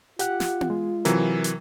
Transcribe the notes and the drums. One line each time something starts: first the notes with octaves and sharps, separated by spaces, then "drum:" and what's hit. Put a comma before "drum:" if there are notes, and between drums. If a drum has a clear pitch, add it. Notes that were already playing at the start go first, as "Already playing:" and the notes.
F4 G4 F#5 F#6, drum: hi-hat
drum: snare
drum: tom B3
G#3
C3 E3 F#3 A#4, drum: hi-hat
drum: hi-hat